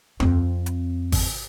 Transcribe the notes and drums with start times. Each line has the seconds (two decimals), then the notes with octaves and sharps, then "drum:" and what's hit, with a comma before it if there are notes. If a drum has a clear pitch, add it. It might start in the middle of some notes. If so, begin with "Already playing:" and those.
0.20 F2 C4, drum: tom D#2
0.66 drum: hi-hat
1.12 drum: kick G#1, open hi-hat